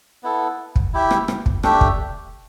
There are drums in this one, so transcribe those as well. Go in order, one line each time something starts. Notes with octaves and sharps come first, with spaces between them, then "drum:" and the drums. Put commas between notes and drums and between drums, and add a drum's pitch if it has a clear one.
B3 E4 A4
drum: kick
E4 G4 E5
drum: rim click
drum: rim click
drum: kick
A3 D4 G4 E5, drum: rim click
drum: kick